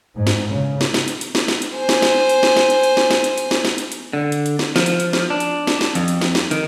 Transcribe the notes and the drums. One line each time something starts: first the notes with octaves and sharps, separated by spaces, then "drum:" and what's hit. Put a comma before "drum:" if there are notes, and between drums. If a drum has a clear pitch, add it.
G#2
drum: snare
C#3
drum: snare
drum: snare
drum: hi-hat
drum: hi-hat
drum: snare
drum: snare
drum: hi-hat
C5 G#5
drum: snare
drum: snare
drum: hi-hat
drum: snare
drum: snare
drum: hi-hat
drum: hi-hat
drum: snare
drum: snare
drum: hi-hat
drum: hi-hat
drum: snare
drum: snare
drum: hi-hat
drum: hi-hat
D3
drum: hi-hat
drum: hi-hat
drum: snare
F3, drum: snare
drum: hi-hat
drum: hi-hat
drum: snare
D4
drum: hi-hat
drum: snare
drum: snare
F2, drum: hi-hat
drum: hi-hat
drum: snare
drum: snare
D#3, drum: hi-hat